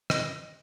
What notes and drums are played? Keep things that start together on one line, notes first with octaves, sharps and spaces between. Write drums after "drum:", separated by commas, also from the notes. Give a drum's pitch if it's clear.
D#5, drum: rim click